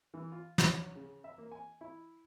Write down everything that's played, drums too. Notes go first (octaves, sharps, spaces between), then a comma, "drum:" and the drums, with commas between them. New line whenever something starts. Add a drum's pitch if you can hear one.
E3
F4
F#3, drum: snare
C#3
E5
A#3
G#5
E4